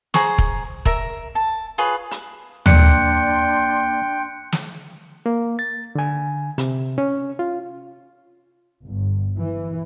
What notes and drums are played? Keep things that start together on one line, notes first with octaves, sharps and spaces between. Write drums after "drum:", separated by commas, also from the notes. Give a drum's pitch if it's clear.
G#4 C5 A#5 C#6, drum: snare
drum: kick
A#4 E5 A#5, drum: kick
A5
F4 G#4 B4 C#5
drum: hi-hat
A#3 D4 D5 G5 C6 F#6 C#7, drum: tom
drum: snare
A#3
A6
D3 G#5
C3, drum: hi-hat
C#4
F4
G1
E3